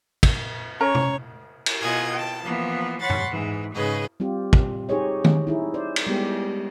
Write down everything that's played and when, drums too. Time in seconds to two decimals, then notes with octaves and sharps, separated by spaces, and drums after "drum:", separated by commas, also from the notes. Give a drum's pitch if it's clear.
0.23 drum: kick, cymbal
0.80 C#4 A#4 C#5 A#5
0.95 drum: tom
1.66 drum: cymbal
1.80 B2 F4 D#5 F#5 G#5 G#6
2.12 G5 A5
2.44 E3 F3 A#3 B3
3.00 C#5 F#5 B5 C6 A6
3.10 drum: tom G2
3.31 G#2 E3
3.74 G#2 C#3 G#4 B4 D#5
4.20 G3 C4 F4 G4
4.53 drum: kick
4.89 D#4 G4 G#4 C5 C#5 D#5
5.25 drum: tom
5.47 D#4 E4 G#4
5.74 C5 D5
5.96 drum: cymbal
6.07 G3 G#3 B3 G4 B4